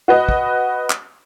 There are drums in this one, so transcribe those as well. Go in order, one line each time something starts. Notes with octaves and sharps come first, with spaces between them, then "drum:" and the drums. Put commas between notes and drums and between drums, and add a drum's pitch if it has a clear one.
F#4 B4 D#5
drum: kick
drum: clap